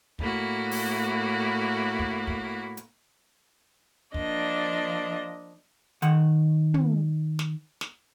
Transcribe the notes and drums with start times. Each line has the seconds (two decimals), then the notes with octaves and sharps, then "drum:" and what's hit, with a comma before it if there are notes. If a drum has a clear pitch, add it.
0.19 A2 A#3 E4 F#4, drum: kick
0.71 drum: open hi-hat
1.99 drum: kick
2.27 drum: kick
2.77 drum: hi-hat
4.14 F3 A#3 D4 D5 D#5, drum: kick
6.02 D#3 F#5, drum: hi-hat
6.74 drum: tom
7.39 drum: snare
7.81 drum: snare